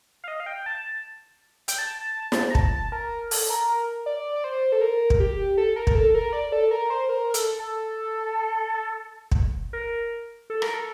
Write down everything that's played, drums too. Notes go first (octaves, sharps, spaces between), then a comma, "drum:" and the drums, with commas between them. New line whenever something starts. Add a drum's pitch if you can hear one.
F5
D#5
F5
G5
A5
G5, drum: hi-hat
A5
drum: snare
A#5
A5, drum: kick
A#4
A4, drum: open hi-hat
A#4
A#4
D5
D5
C5
A4
A#4
drum: kick
G4
A4
A#4
A#4, drum: kick
A4
A#4
D5
A4
A#4
C5
A#4
A#4
A4, drum: hi-hat
A4
drum: kick
A#4
A4
A#4, drum: rim click
A4